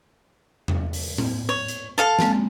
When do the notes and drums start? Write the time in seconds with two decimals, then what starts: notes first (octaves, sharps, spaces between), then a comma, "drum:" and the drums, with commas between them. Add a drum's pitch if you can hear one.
0.68 drum: tom E2
0.93 drum: open hi-hat
1.18 drum: tom
1.49 C#5
1.68 drum: hi-hat
1.98 A4 F5 A5
2.19 G#3 A#3 C4, drum: snare